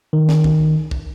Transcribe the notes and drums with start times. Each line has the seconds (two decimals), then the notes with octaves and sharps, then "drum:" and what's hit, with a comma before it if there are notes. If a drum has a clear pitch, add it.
0.13 D#3
0.29 drum: snare
0.44 drum: kick
0.91 drum: kick